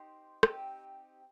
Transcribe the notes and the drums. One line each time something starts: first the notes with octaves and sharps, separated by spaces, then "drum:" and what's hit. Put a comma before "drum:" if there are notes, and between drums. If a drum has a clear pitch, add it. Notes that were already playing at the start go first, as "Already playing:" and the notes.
Already playing: C4 D#4 G4 C6
C4 D#4 G4, drum: rim click